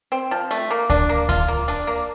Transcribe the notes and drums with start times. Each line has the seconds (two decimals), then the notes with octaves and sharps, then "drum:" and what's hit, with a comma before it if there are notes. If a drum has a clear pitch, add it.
0.12 C4
0.31 F3
0.51 A3, drum: hi-hat
0.71 A#3
0.90 D4, drum: kick D2, hi-hat
1.09 A#3
1.29 F4, drum: kick D2, hi-hat
1.48 A#3
1.68 D4, drum: hi-hat
1.87 A#3